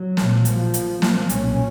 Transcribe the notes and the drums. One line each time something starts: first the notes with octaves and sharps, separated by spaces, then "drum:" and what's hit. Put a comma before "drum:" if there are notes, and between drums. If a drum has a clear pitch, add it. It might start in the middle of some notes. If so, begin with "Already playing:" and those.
Already playing: F#3
A#1 A#2, drum: snare
F3, drum: hi-hat
drum: hi-hat
A#3, drum: snare
B1 A#2 C#4, drum: hi-hat